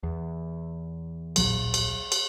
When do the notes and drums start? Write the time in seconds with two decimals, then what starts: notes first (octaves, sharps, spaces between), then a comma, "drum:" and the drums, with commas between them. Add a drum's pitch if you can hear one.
0.03 E2
1.36 D1 A#1 F#3, drum: cymbal
1.74 drum: cymbal
2.12 drum: cymbal